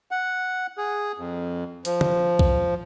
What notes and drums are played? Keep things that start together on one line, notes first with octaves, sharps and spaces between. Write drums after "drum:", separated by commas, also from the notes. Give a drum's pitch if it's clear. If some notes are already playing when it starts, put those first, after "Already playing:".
F#5
G#4
F2
F3, drum: hi-hat
drum: tom
drum: kick B1